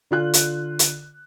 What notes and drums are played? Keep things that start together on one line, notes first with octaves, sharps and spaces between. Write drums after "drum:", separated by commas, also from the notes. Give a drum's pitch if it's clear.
D3 F4 F#6
drum: hi-hat
drum: hi-hat